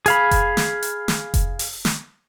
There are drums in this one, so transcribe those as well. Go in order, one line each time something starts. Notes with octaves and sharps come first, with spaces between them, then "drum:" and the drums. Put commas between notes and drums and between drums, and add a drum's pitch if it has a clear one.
G#4 F5 B5, drum: hi-hat
drum: kick F1, hi-hat
drum: snare
drum: hi-hat
drum: snare
drum: kick F1, hi-hat
drum: open hi-hat
drum: snare